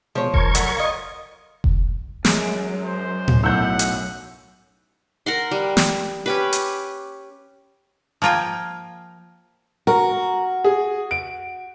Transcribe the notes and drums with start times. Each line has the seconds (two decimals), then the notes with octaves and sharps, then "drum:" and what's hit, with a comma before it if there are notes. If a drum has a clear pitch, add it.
0.15 B2 F3 G#3 C#5
0.34 A#4 C#6 G#6, drum: kick F1
0.55 F#3 A3, drum: hi-hat
0.77 F4 D#5
1.64 drum: kick F1
2.25 F#2 G#3 D7, drum: snare
2.85 C5
3.28 drum: tom A2
3.44 B1 A2 F#5 E6 G6
3.79 drum: hi-hat
5.26 A#4 F#5 C6
5.51 G3
5.77 drum: snare
6.26 C#4 G4 B4
6.53 drum: hi-hat
8.22 F3 A#3 F4 G5 G#5
9.87 F#4 A#4
10.64 G#4
11.11 D7